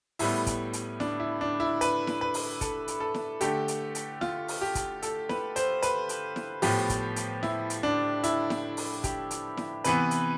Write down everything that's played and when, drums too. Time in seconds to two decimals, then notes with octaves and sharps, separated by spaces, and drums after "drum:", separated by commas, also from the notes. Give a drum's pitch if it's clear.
0.19 A2 G3 B3 E4, drum: open hi-hat
0.47 drum: kick, hi-hat
0.73 drum: hi-hat
1.00 D4, drum: snare E4
1.20 E4
1.41 D4
1.60 E4
1.81 B4, drum: hi-hat
2.07 drum: snare E4
2.21 B4
2.34 drum: open hi-hat
2.61 A4, drum: kick, hi-hat
2.88 drum: hi-hat
3.00 A4
3.14 drum: snare E4
3.41 D3 A3 G4, drum: hi-hat
3.68 drum: hi-hat
3.95 drum: hi-hat
4.21 F4, drum: snare E4
4.48 drum: open hi-hat
4.61 G4
4.75 drum: kick, hi-hat
5.02 A4, drum: hi-hat
5.29 B4, drum: snare E4
5.56 C5, drum: hi-hat
5.82 B4, drum: hi-hat
6.09 drum: hi-hat
6.36 drum: snare E4
6.62 A2 F3 B3 G4, drum: open hi-hat
6.89 drum: kick, hi-hat
7.16 drum: hi-hat
7.43 E4, drum: snare E4
7.70 drum: hi-hat
7.83 D4
8.24 E4, drum: hi-hat
8.50 drum: snare E4
8.77 drum: open hi-hat
9.04 G4, drum: kick, hi-hat
9.31 drum: hi-hat
9.57 drum: snare E4
9.84 C3 E3 B3 B4, drum: hi-hat
10.11 drum: hi-hat